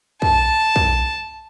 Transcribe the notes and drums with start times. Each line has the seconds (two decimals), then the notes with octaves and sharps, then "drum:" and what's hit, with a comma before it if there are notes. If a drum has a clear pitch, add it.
0.22 A5, drum: kick
0.76 drum: kick